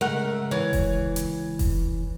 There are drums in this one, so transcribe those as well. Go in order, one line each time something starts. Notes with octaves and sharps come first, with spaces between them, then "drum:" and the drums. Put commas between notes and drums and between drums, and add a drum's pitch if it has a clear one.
C#3 G#3 A3 A#4 F#5
E3 C#5
drum: kick F1, open hi-hat
drum: hi-hat
drum: kick F1, open hi-hat